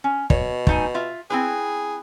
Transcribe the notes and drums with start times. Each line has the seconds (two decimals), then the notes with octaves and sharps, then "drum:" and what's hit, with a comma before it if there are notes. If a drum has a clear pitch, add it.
0.04 C#4
0.30 B2 C#5, drum: kick
0.67 A3 D#4 G#5, drum: kick
0.95 F4 E5
1.30 C4 E4 G#4 B4